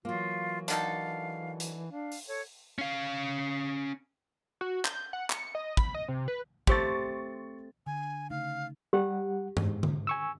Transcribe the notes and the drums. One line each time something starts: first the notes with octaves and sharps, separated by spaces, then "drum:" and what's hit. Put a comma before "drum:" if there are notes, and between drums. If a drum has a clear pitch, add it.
E3 F#3 A#3 F4
D3 D#3 A4 F5, drum: hi-hat
drum: hi-hat
D4 F5
drum: open hi-hat
A4 C#5
C#4 F5
F#4
G6, drum: clap
F#5
C#7, drum: clap
D#5
B5, drum: kick
D#5
C3
B4
A3 C4 G4 C6 C#6 A6, drum: kick
D3 G#5
C#3 A3 D#4 F5
G3 G4 F#5
G#2, drum: tom G2
drum: tom D3
G#5 C#6 E6